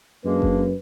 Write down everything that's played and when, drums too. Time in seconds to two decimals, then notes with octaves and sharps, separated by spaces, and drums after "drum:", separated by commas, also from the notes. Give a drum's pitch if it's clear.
0.25 F#2 G#3 A#3 D4 B4
0.42 drum: kick F#1